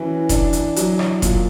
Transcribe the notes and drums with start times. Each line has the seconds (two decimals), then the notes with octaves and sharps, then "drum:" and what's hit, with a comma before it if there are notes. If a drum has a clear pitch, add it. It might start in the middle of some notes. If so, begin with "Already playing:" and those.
Already playing: E3 C#4 F#4
0.29 D4, drum: kick F1, hi-hat
0.53 drum: hi-hat
0.76 F#3, drum: hi-hat
0.99 drum: rim click
1.22 A#2, drum: kick F1, hi-hat